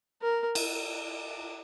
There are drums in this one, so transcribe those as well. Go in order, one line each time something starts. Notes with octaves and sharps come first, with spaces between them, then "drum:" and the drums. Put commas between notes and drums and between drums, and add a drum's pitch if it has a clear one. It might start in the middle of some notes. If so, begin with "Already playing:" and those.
A#4
drum: cymbal